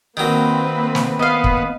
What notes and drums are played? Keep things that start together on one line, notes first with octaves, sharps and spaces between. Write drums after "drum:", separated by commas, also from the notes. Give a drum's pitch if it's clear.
D#3 F#3 A#3 C4 B4
drum: snare
B3 D#5 F5
drum: kick